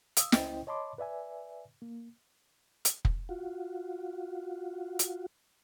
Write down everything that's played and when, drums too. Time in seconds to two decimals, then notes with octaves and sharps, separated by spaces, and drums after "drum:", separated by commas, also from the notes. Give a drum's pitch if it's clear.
0.17 F5 D#6 E6, drum: hi-hat
0.32 C#2 C#4 E4 C5 D#5 G5, drum: snare
0.67 C#5 D#5 A5 B5 C6 D6
0.98 B4 D5 E5 G#5
1.82 A#3
2.85 drum: hi-hat
3.05 drum: kick
3.29 F4 F#4
4.99 drum: hi-hat